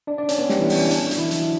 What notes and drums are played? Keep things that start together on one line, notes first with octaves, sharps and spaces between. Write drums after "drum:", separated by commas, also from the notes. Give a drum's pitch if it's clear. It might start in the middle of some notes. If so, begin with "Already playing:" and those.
D4 D5
D4 D5
C#4 C#5, drum: hi-hat
B3 B4
G3 G4, drum: snare
E3 E4
D4, drum: open hi-hat
C#4
D4, drum: hi-hat
D4
F#4, drum: hi-hat
E3 E4
F#3 F#4, drum: hi-hat